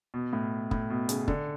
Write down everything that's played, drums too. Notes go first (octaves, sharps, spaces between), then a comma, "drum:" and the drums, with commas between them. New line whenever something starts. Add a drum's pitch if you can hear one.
B2
A2
A2, drum: kick
B2
C#3, drum: hi-hat
D3, drum: kick